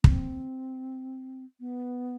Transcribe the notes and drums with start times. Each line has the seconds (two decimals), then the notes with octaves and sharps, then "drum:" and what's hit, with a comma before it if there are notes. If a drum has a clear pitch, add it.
0.04 C4, drum: kick
1.60 B3